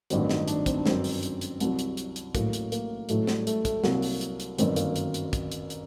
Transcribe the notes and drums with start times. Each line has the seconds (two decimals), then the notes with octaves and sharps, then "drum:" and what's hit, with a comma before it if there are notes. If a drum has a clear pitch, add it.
0.10 A1 G2 D#3 F#3 C4, drum: hi-hat
0.29 D#4, drum: snare
0.48 D4, drum: hi-hat
0.66 C4, drum: kick, hi-hat
0.77 D4
0.86 G1 F#2 F#3 C4, drum: snare
1.04 drum: open hi-hat
1.23 drum: hi-hat
1.41 drum: hi-hat
1.60 C2 C3 F#3, drum: hi-hat
1.79 drum: hi-hat
1.97 drum: hi-hat
2.16 drum: hi-hat
2.35 A1 A2 F#3 A#3, drum: kick, hi-hat
2.53 drum: hi-hat
2.72 A#3, drum: hi-hat
3.09 A1 A2 F#3 A3, drum: hi-hat
3.27 G3, drum: snare
3.47 A3, drum: hi-hat
3.65 A3, drum: kick, hi-hat
3.84 C2 C3 F#3 A#3, drum: snare
4.02 drum: open hi-hat
4.21 drum: hi-hat
4.40 drum: hi-hat
4.58 G1 F#2 D#3 F#3 C4, drum: hi-hat
4.76 A#3, drum: hi-hat
4.96 drum: hi-hat
5.14 drum: hi-hat
5.33 drum: kick, hi-hat
5.52 drum: hi-hat
5.70 drum: hi-hat